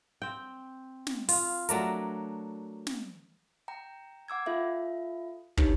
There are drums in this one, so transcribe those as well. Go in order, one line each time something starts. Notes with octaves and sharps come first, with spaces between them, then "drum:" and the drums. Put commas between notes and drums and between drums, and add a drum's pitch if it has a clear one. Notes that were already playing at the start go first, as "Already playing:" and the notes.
C4 G5
drum: snare
F4, drum: open hi-hat
F#3 A3 D4 A#4, drum: hi-hat
drum: snare
G5 A#5
F#5 D6 E6 G#6
F4 A4 E5 F5
D4 D#4 G4 B4 C#5, drum: kick